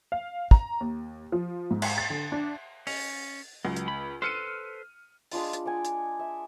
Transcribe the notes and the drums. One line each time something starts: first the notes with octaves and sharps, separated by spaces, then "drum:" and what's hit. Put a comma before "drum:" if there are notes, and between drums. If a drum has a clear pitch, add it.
F5
A#5, drum: kick
D#2
F3
G#2
drum: cymbal
A6
D3
D4
C#4 F7, drum: open hi-hat
C#2 F#3
drum: hi-hat
B5
A4 B4 C5 F6 C#7 D#7
G#3 D4 F4 B5, drum: open hi-hat
drum: hi-hat
D5 F#5 G#5
drum: hi-hat
E5